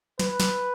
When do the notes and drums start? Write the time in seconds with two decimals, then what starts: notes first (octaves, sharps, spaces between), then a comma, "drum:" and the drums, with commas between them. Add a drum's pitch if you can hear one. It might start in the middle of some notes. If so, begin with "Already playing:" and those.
0.19 B4, drum: snare
0.40 drum: snare